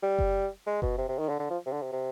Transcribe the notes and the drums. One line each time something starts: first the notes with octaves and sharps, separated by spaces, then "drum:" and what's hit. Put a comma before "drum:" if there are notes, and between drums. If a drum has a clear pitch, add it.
G3
drum: kick F#1
G#3
B2, drum: kick F#1
C3
C3
D#3
D3
D3
F3
C3
D3
C3
C3